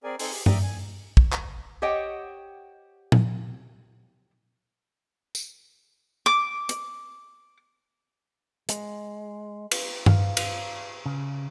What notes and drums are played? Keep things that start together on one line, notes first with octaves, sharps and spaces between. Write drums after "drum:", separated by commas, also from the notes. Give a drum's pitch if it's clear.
C4 G#4 A#4 D5 G#5
C4 D#4 A4 G#5 C6 G6, drum: open hi-hat
G4 G#4
D5 E5 G5 A#5 D6 D#6, drum: tom G2
G#5
drum: kick
drum: clap
G4 C5 C#5 D#5 F#5 G5
drum: tom A#2
drum: tambourine
D6
drum: hi-hat
G#3, drum: hi-hat
drum: cymbal
F5, drum: tom G2
drum: cymbal
C#3